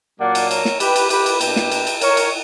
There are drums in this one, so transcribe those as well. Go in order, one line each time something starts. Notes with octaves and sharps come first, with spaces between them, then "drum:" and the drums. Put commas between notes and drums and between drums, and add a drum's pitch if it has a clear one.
A#2 F#3 A#3 D4 D5 F#5
drum: cymbal
A#4 C#5, drum: cymbal
drum: snare
G4 B4, drum: cymbal
drum: cymbal
G4 B4, drum: cymbal
drum: cymbal
B2 A#3 D4 G4 B4, drum: cymbal
drum: snare
drum: cymbal
drum: cymbal
A#4 C#5, drum: cymbal
drum: cymbal